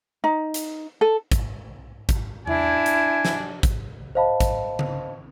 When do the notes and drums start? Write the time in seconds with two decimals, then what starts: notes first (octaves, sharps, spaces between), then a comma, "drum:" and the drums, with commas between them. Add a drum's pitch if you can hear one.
0.24 D#4
0.54 drum: hi-hat
1.01 A4
1.32 drum: kick, hi-hat
2.09 drum: kick, hi-hat
2.47 D4 E4 G#5, drum: tom E2
2.86 drum: hi-hat
3.25 drum: snare
3.63 drum: kick, hi-hat
4.15 C5 D#5 F5 A5 B5
4.40 drum: kick, hi-hat
4.79 drum: tom C#3